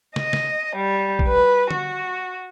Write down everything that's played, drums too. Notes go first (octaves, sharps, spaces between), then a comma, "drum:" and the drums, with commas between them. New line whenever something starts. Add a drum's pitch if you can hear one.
D#5, drum: snare
drum: snare
G3
drum: kick
B4
F#4, drum: tom D3